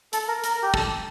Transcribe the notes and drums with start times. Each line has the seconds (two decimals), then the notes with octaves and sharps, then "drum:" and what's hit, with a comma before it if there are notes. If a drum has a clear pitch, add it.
0.13 A4, drum: hi-hat
0.28 A#4
0.44 A#4, drum: hi-hat
0.63 G4
0.74 A4, drum: kick